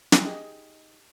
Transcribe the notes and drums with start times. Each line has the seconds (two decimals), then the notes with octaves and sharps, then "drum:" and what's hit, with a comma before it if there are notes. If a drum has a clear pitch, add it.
0.12 drum: snare
0.24 D#4 G4 G#4 D#5